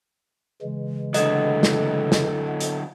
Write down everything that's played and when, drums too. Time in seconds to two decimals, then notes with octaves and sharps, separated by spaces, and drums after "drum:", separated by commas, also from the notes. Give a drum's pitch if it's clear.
0.62 C#3 E3 G#3
1.14 D3 F#3 A4 D#5, drum: hi-hat
1.63 drum: snare
2.12 drum: snare
2.48 B3
2.60 drum: hi-hat